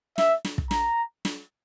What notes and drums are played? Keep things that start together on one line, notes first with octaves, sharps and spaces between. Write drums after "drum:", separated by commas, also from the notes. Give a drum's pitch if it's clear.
E5, drum: snare
drum: snare
drum: kick
A#5, drum: snare
drum: snare